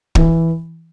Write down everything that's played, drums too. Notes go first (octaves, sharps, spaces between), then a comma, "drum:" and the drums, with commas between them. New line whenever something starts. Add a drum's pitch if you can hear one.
E3, drum: kick